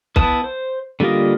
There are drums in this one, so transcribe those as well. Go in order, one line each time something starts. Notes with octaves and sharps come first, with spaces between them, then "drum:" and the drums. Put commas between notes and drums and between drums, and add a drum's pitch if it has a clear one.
B3 E4 B4 A5 D#6, drum: kick
C5
D3 G3 A#3 F4 D#5